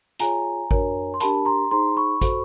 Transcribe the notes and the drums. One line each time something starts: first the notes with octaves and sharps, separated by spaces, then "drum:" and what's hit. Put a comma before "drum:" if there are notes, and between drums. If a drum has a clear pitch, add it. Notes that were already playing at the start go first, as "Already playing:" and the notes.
F4 G#4 C#5 G#5 A#5, drum: hi-hat
D4 F#4 A#4 C#5, drum: kick G#1
C6
D4 G4 A#4 A5 B5, drum: hi-hat
A#5 C6
D#4 G#4 C5 A#5 C6
B5 C#6
F#4 A4 C5, drum: kick G#1, hi-hat